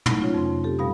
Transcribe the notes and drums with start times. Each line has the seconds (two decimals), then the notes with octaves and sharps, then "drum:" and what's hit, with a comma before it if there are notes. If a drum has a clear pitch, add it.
0.06 F#3 A3 D#4 E4, drum: tom
0.20 C#4 F4 C#5
0.34 F2 C3 C6
0.46 F2
0.64 C4 G4 A4
0.79 B2 G3 F5 B5 D#6